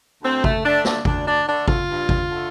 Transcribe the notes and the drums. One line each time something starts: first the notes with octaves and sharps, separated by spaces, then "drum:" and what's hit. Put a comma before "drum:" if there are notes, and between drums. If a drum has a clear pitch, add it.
D2 C4
A3, drum: kick G#1
D3 A3 D4
D4, drum: snare
D2 D4, drum: kick G#1
D4
D3 A3 D4
F4, drum: kick G#1
G2
drum: kick G#1
D3 A3